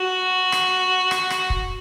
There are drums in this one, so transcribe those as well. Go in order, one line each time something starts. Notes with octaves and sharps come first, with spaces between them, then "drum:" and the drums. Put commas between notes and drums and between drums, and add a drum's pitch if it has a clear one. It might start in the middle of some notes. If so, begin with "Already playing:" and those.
Already playing: F#4
drum: rim click
drum: rim click
drum: rim click
drum: kick